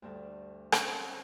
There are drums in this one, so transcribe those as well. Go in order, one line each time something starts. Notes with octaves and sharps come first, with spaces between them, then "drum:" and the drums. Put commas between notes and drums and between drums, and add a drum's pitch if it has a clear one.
D2 G2 A4
C4 C#4 C#5, drum: rim click